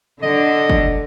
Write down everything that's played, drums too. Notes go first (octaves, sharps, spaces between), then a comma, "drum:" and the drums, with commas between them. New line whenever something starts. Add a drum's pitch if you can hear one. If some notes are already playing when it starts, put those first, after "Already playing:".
D3 D#5
drum: kick